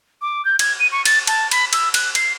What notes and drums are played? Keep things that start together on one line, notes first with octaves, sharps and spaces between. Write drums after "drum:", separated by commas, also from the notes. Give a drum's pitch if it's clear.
D6
G6
G#6, drum: cymbal
D#7
C#6
A6, drum: cymbal
A5, drum: cymbal
B5, drum: cymbal
E6, drum: cymbal
F#6, drum: cymbal
C7, drum: cymbal